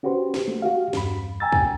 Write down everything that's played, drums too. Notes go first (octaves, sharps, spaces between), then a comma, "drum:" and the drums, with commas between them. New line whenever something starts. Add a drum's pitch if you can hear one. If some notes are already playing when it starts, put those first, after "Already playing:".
C#4 F#4 G4 B4 C5
drum: snare
A3
F#4 G4 F5
E2 G2 B5, drum: snare
G5 G#5 A#5 E6 A6
drum: kick